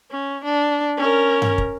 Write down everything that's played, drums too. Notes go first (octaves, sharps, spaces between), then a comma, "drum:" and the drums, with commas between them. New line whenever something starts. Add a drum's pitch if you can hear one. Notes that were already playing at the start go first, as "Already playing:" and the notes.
C#4
D4
C#4 A#4
drum: tom G2
drum: kick